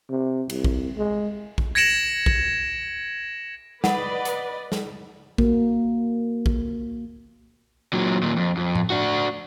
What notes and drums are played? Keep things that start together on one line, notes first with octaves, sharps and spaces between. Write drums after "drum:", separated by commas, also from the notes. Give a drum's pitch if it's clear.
C3
C2, drum: cymbal
drum: kick A#1
G#3
drum: kick A#1
G#6 A#6 C#7 D7 E7 F#7
drum: kick A#1
B4 D5 D#5 F#5, drum: snare
drum: hi-hat
drum: snare
A#3 F#4, drum: kick A#1
drum: kick A#1
A#2 F#3
D#2 A#2
F2
F2
drum: tom A2
D4 F#4